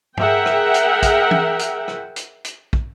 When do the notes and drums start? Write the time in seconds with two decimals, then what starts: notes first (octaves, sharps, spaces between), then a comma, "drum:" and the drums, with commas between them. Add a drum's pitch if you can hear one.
0.17 G#4 A#4 E5 F#5 G5, drum: tom G2
0.46 drum: rim click
0.74 drum: hi-hat
1.03 drum: kick, hi-hat
1.31 drum: tom
1.59 drum: hi-hat
1.88 drum: rim click
2.16 drum: hi-hat
2.45 drum: hi-hat
2.73 drum: kick